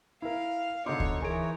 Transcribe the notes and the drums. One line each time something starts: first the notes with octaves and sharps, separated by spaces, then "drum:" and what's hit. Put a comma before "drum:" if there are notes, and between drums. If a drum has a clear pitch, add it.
E4 A#4 F5
B2 D3 D#4 C#5 C6 D6
drum: kick D2
E3 G#4 A#4 C#5 D7